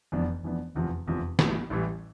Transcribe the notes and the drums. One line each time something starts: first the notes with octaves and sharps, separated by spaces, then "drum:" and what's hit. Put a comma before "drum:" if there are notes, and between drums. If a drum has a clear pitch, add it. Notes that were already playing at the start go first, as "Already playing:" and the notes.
F1 F2 E3 B3 D4
F1 F2 E3 B3 D4
F1 E2 C3 F3
F1 E2 C3 F3
A1 A2 E3 G3, drum: snare
A1 A2 E3 G3